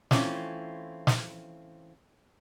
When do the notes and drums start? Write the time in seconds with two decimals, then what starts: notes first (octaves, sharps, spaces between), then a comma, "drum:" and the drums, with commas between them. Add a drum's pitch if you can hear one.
0.11 E3 A3 C4 C#4 E4 F4, drum: snare
1.07 drum: snare